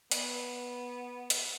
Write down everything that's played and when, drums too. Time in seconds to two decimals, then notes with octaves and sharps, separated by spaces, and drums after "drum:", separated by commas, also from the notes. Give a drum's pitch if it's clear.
0.11 B3, drum: hi-hat
1.30 drum: hi-hat